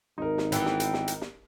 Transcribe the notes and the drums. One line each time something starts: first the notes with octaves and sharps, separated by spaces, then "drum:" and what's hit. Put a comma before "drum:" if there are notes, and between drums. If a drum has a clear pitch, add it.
G#1 D#4 A#4
drum: snare
E3 B3 G5, drum: hi-hat
drum: snare
drum: hi-hat
drum: snare
drum: hi-hat
drum: snare